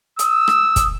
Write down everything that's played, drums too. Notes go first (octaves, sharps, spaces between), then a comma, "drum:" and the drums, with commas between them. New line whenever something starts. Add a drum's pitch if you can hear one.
D#6 E6, drum: hi-hat
drum: rim click
drum: kick, hi-hat